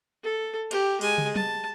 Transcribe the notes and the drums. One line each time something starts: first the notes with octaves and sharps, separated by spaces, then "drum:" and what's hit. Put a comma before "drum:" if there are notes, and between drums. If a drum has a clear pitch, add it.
A4
G4, drum: cymbal
G#3 G#5, drum: cymbal
drum: tom
A5, drum: tom